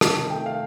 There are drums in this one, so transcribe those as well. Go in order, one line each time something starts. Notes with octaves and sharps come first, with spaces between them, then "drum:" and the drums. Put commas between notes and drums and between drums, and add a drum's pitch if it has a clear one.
D#3 A5, drum: rim click
C3
A3 G5
F5